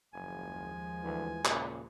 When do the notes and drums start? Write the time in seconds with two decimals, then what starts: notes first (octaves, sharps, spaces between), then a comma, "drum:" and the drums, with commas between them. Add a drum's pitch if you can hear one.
0.14 F#1 D#2 F3 G#3 G#5
1.03 D2 E3
1.45 A#2 C#3, drum: clap